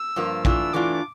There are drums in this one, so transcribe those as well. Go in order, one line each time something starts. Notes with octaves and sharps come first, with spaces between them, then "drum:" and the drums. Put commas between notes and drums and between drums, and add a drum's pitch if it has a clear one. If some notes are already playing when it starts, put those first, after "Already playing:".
Already playing: E6
G2 F3 A#3 F4
E3 A3 D4 F4 E6, drum: kick
E3 A3 D4 F4 D6